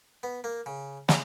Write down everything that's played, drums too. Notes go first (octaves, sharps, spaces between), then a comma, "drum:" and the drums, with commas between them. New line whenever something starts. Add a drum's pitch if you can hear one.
B3
A#3
C#3
C#3, drum: snare